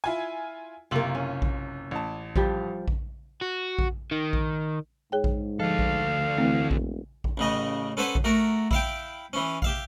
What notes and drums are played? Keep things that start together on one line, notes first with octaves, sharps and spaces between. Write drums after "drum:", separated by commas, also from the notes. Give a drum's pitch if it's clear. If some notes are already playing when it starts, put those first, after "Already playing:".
E4 F4 G#5
F#1 C3 A#3 F4 F#7
C#4
drum: kick A#1
A1 A5
F3 G3 G4, drum: kick A#1
drum: kick A#1
F#4
drum: kick A#1
D#3
drum: kick A#1
G#2 G#4 C#5 G5
drum: kick A#1
D2 F3 A4 F5
drum: kick A#1
E3 A3 C4
E1, drum: kick A#1
drum: kick A#1
A1 C#3 D#5
C#4 A4 B4 C5 F#5 G#5
drum: kick A#1
A3 F#4 A#4
E4 F5 G5, drum: kick A#1
E3 C#4
G4 E5 F5, drum: kick A#1